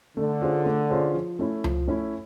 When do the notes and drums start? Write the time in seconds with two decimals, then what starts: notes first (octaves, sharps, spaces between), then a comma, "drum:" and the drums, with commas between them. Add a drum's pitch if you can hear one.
0.17 D3 A3
0.42 C#4 F4 G#4 C5
0.66 A3
0.90 C#4 F4 G#4 C5
1.14 F3
1.39 A3 C#4 E4
1.64 F3, drum: tom C#2
1.87 A3 C#4 E4